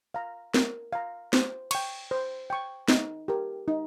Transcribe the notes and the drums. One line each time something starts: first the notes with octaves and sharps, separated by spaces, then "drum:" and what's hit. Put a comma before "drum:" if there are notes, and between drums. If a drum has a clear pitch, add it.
F5 A#5
A#4, drum: snare
F5 A#5
C5, drum: snare
G5 C#6, drum: cymbal
C5
G5 C#6
D#4, drum: snare
G4 A#4
D#4